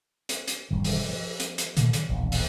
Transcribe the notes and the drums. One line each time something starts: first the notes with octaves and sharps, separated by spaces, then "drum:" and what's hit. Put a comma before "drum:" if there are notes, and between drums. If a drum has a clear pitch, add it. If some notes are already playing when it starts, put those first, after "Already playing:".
drum: hi-hat
drum: hi-hat
E1 G2 D#3
drum: open hi-hat
F3
drum: hi-hat
drum: hi-hat
A#2 D#3 F3 A3, drum: hi-hat
D#3 F#3, drum: hi-hat
E1 A#1 D#2
drum: open hi-hat